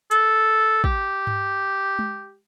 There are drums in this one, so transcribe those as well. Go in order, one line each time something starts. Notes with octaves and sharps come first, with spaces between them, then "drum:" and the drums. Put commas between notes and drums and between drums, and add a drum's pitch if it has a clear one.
A4, drum: hi-hat
G4, drum: kick
drum: tom G2
drum: tom G#3